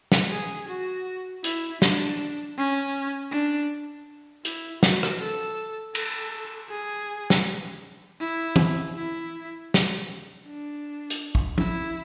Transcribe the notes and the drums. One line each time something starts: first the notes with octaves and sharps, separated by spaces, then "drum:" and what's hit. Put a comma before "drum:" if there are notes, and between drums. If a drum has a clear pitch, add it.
drum: snare
G#4
F#4
E4, drum: hi-hat
D4, drum: snare
C#4
D4
E4, drum: hi-hat
F#4, drum: snare
drum: rim click
A4
A4, drum: cymbal
G#4
drum: snare
E4
drum: tom
E4
drum: snare
D4
drum: hi-hat
drum: kick
E4, drum: tom